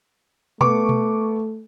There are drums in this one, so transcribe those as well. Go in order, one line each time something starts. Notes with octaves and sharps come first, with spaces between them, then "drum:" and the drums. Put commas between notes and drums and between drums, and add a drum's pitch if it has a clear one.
A3 B3 C#6 D6, drum: tom B2
drum: tom B2